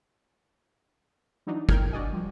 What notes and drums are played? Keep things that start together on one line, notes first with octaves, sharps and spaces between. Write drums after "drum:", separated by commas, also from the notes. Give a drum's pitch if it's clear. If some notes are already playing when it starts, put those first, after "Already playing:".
E3 F#3 D4 D#4
A#4 G5 F6 G6 G#6, drum: kick
D4 F#4 D5 D#5 G#5
F3 G3